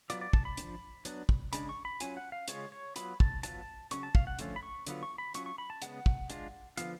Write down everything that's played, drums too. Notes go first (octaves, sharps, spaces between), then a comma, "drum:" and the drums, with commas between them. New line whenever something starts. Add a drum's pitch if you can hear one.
F#3 B3 F4 D5, drum: hi-hat
D5
A5, drum: kick
B5
F3 B3 D4, drum: hi-hat
F#3 B3 D4, drum: hi-hat
drum: kick
C#3 G#3 D4 B5, drum: hi-hat
C#6
B5
F#3 C#4 F4 G#5, drum: hi-hat
F#5
F5
C#3 G#3 C#4 F4 C#5, drum: hi-hat
C#5
F#3 B3 F4 B5, drum: hi-hat
A5, drum: kick
F#3 B3 F4 A5, drum: hi-hat
C#3 F#3 C#4 C#6, drum: hi-hat
A5
F5, drum: kick
F#5
D3 F3 A3 C#4 F4, drum: hi-hat
B5
C#6
D3 F#3 B3 F4, drum: hi-hat
C#6
B5
F#3 C#4 F4 C#6, drum: hi-hat
C#6
B5
A5
C#3 G#3 B3 F#5, drum: hi-hat
drum: kick
G#3 D4 F4, drum: hi-hat
D3 F3 B3 F4 F5, drum: hi-hat